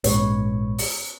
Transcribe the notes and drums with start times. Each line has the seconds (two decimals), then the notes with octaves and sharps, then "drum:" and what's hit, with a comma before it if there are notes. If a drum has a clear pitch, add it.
0.04 A#1 G#2 B4 C#5, drum: hi-hat
0.78 drum: open hi-hat